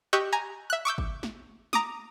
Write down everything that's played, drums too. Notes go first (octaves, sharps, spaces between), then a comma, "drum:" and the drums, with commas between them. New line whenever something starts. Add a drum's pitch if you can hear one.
G4 D#5 C#6 E6 F#6 G6
G#5 A#5
E5 F#6
C#6 D6 E6 G6
drum: kick
drum: snare
A#5 D6 D#6, drum: snare